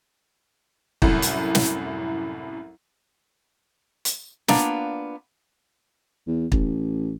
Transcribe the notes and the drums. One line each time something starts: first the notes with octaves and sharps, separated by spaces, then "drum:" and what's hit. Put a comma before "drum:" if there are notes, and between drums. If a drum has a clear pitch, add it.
C2 F#2 A2, drum: kick
drum: hi-hat
drum: snare
drum: hi-hat
A#3 B3 D4 F4 F5, drum: snare
E2
A1, drum: kick